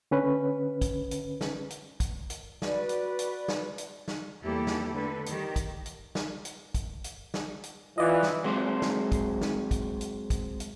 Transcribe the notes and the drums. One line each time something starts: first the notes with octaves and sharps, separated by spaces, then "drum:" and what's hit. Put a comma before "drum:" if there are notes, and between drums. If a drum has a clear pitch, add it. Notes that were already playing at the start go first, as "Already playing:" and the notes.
D3 C#4 B4
drum: kick, hi-hat
drum: hi-hat
drum: snare
drum: hi-hat
drum: kick, hi-hat
drum: hi-hat
F#4 B4 D5, drum: snare
drum: hi-hat
drum: hi-hat
drum: snare
drum: hi-hat
drum: snare
E2 G3 A#3 E4 G4 A4
drum: snare
D3 A3 A4 B4
D#3 G3 G4, drum: hi-hat
drum: kick, hi-hat
drum: hi-hat
drum: snare
drum: hi-hat
drum: kick, hi-hat
drum: hi-hat
drum: snare
drum: hi-hat
E3 F4 D5 D#5
drum: snare
F#3 G#3 C4 C5
drum: snare
drum: kick, hi-hat
drum: snare
drum: kick, hi-hat
drum: hi-hat
drum: kick, hi-hat
drum: hi-hat